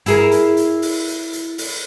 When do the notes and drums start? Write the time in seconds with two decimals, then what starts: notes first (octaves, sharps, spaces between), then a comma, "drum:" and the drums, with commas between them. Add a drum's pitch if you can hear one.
0.06 E4 G#4 A#4, drum: hi-hat
0.32 drum: hi-hat
0.57 drum: hi-hat
0.82 drum: open hi-hat
1.08 drum: hi-hat
1.33 drum: hi-hat
1.58 drum: open hi-hat